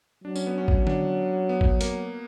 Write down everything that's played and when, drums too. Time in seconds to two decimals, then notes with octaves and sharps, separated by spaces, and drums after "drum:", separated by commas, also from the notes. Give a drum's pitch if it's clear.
0.24 F#3 D4
0.36 C#4, drum: tambourine
0.46 B3
0.58 C#4
0.68 drum: kick G#1
0.87 D4, drum: tom
1.49 B3
1.61 drum: kick G#1
1.81 A#3, drum: hi-hat